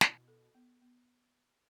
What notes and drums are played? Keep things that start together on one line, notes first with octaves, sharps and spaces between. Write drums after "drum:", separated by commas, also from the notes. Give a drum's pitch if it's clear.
B2 E4, drum: snare
A4
B3
B3